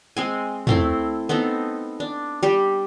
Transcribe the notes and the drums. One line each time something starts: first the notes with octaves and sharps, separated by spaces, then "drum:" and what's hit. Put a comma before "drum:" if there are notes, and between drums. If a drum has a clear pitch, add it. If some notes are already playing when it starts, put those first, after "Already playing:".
G#3 C4 G#5
A3 C4 E4, drum: tom
B3 C4 D#4 A4
D4
G3 G4